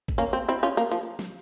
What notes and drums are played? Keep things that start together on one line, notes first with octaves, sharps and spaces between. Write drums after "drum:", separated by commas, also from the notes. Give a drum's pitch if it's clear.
drum: kick
A#3 C#4
C4
C4 E4
C#4 F4
A#3
F3
drum: snare